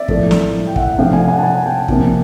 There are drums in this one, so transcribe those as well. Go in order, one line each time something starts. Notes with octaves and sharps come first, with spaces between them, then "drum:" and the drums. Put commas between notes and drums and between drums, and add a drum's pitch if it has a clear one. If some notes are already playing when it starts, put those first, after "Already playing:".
Already playing: D5 E5
A2 F3 A3, drum: kick
drum: snare
G5
E5 F#5, drum: kick
C3 F3 A3 D4 F5 G5
F#5 G#5
F#5 G#5
A5
F#5 G#5
G5 A5
C3 F3 A#3 D4 F4, drum: kick